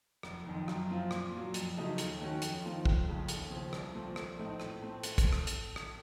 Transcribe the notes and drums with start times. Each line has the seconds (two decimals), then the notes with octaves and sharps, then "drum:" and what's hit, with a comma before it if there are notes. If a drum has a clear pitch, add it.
0.23 F1, drum: rim click
0.46 F2 D#3
0.68 F#2, drum: rim click
0.90 F3 C4 F4
1.11 A#2, drum: rim click
1.33 F#3 A#3
1.54 F2, drum: hi-hat
1.77 C#3 F#3 A3 D#4
1.98 D#2, drum: hi-hat
2.21 D#3 A3 C#4 F#4
2.42 F2, drum: hi-hat
2.64 D#3 A3 C4 F4
2.85 F1, drum: kick
3.08 F2 C#3 A3
3.29 D#2, drum: hi-hat
3.50 C#3 F3 C4
3.73 C2, drum: rim click
3.94 A#2 F3 A3 C4
4.16 A#1, drum: rim click
4.38 A2 A3 C4 D#4
4.60 A2, drum: rim click
4.82 A3 C4
5.03 drum: hi-hat
5.18 drum: kick, hi-hat
5.33 drum: rim click
5.47 drum: hi-hat
5.76 drum: rim click